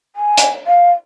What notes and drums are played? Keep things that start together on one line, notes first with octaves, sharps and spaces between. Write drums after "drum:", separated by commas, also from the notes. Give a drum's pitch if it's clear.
G#5
drum: hi-hat
F5